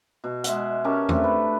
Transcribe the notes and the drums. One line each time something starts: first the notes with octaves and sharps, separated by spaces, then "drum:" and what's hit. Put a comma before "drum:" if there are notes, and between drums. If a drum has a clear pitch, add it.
B2
G#3 E5 F#5, drum: hi-hat
C#4 G4 A#4 A5
A3 C4 D4, drum: tom E2
B4